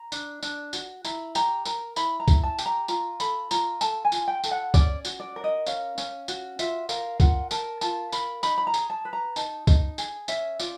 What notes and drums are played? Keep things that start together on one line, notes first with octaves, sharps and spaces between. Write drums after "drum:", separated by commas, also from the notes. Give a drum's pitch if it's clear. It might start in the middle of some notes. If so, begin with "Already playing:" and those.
Already playing: A#5
D4, drum: tambourine
D4, drum: tambourine
F#4, drum: tambourine
E4 A#5, drum: tambourine
G4 A#5, drum: tambourine
A#4 A#5, drum: tambourine
E4 B5, drum: tambourine
A#5
E4, drum: kick C2, tambourine
A5
G4, drum: tambourine
A#5
F4 A#5, drum: tambourine
A4 B5, drum: tambourine
F4 A#5, drum: tambourine
A4 A5, drum: tambourine
G#5
F4, drum: tambourine
G5
A4, drum: tambourine
F#5
C#4 D5, drum: kick C2, tambourine
F#4, drum: tambourine
D5
A#4
D#5
C#4 F5, drum: tambourine
C#4, drum: tambourine
F#4, drum: tambourine
F4 E5, drum: tambourine
A#4 F5, drum: tambourine
F4 F#5, drum: kick C2, tambourine
A#4 A5, drum: tambourine
F4 A5, drum: tambourine
A#4 B5, drum: tambourine
D#4 B5, drum: tambourine
B5
A#5
G#4, drum: tambourine
A5
B4
A#5
D#4 A5, drum: tambourine
D#4, drum: kick C2, tambourine
G#4, drum: tambourine
C#4 E5, drum: tambourine
F4 D5, drum: tambourine